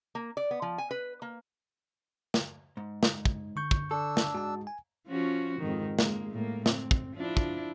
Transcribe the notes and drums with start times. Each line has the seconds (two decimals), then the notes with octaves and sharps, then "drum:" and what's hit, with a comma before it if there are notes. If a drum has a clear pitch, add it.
0.15 A#3
0.37 D5
0.51 B3
0.62 F3
0.78 G#5
0.91 B4
1.22 A#3
2.34 drum: snare
2.77 G#2
3.03 drum: snare
3.25 drum: kick
3.56 D3 C#6 G6
3.71 drum: kick
3.91 D4 A4 E6
4.17 drum: snare
4.34 G#2 F#4 A5
4.67 G#5
5.08 F3 C#4 F#4
5.59 F2 G#2 D#3
5.99 G#3 A#3, drum: snare
6.31 A2 A#3
6.66 C4, drum: snare
6.91 drum: kick
7.14 F3 D4 E4
7.37 drum: kick